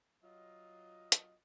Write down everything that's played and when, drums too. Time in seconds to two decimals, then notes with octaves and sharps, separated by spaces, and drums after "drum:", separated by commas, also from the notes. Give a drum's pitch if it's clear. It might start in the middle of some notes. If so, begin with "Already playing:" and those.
0.23 F#3 F4 D#5
1.12 drum: hi-hat